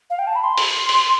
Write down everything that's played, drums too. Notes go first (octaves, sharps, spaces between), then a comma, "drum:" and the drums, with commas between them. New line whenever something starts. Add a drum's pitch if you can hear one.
F5
G5
A5
B5
C6
drum: open hi-hat
drum: open hi-hat